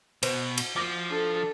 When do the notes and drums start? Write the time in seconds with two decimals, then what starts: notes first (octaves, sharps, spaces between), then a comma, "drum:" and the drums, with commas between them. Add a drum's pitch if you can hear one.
0.23 B2 C5, drum: cymbal
0.58 drum: cymbal
0.76 F3 D6 A#6
1.10 D4 A4